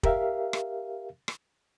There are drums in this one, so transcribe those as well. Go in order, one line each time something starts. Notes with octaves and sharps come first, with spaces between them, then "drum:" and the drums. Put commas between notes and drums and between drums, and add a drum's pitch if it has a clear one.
G4 A#4 E5 F5, drum: kick
drum: rim click
drum: rim click